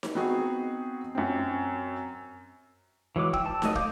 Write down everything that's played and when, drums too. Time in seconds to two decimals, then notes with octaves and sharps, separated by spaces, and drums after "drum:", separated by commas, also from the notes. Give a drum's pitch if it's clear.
0.03 drum: snare D#4
0.15 B3 C4 D#4 F#4 G#4
1.15 F#2 C4
3.16 E3 F#3 G#3 D6
3.33 G5 E6, drum: kick
3.46 A5
3.62 F#3 A3 D#5, drum: snare D#4
3.75 A#4 F5 D6 G6, drum: kick